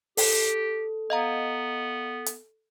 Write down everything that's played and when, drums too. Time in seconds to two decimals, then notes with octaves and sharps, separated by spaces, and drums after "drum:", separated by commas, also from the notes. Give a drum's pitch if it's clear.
0.17 G4 A4, drum: open hi-hat
1.10 B3 D#5 F5 A#5
2.26 drum: hi-hat